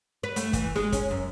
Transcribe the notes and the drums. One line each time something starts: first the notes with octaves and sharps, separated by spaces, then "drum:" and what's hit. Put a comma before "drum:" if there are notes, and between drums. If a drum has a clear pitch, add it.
B4
A3, drum: hi-hat
E3, drum: kick, hi-hat
G#3, drum: snare D4
C#4, drum: kick, hi-hat
F#2